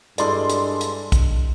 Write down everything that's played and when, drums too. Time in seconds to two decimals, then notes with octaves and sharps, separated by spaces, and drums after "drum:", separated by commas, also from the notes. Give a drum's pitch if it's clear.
0.18 G2 G#3 D4 E4 A4 D5 C6, drum: hi-hat
0.50 drum: hi-hat
0.81 drum: hi-hat
1.12 drum: kick B1, hi-hat